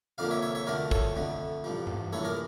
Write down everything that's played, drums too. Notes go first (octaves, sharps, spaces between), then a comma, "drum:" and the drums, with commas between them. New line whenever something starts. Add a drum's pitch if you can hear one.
F2 D3 F3 A#3 D5 F5
C#5 E5
C#5 E5
C#5 E5
D2 D3 F3 A3 A#4 D5
A4 C#5, drum: kick
F2 D3 A3
A1 G2 F3
drum: tom G2
A#1 A2 E3 A4 C#5
A#4 D5